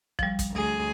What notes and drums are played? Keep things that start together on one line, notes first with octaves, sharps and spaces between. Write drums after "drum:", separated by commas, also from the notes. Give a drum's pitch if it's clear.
F3 G3, drum: kick
drum: kick, hi-hat
D2 G#4